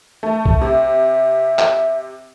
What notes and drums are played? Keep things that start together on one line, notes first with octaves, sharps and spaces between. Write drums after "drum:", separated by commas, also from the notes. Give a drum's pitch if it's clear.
A3
drum: kick B1
C3 E5
drum: clap